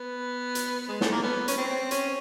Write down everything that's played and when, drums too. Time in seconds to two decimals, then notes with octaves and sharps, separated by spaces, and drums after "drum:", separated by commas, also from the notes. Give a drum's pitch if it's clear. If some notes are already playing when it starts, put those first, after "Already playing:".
Already playing: B3
0.55 drum: hi-hat
0.88 G#3
1.01 A3, drum: snare
1.11 A#3
1.23 B3
1.48 C#4, drum: hi-hat
1.57 C4
1.91 C#4, drum: hi-hat